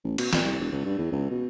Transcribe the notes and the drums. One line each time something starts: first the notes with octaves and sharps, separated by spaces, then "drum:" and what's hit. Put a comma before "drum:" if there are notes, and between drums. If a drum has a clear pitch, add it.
A1
B2, drum: cymbal
A#2, drum: snare
C2
E1
C#2
G2
E2
C#2
B2